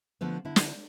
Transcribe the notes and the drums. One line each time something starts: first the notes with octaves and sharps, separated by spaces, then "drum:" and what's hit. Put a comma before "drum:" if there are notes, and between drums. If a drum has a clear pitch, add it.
D3 F3 A3 B3
D3 E4
drum: snare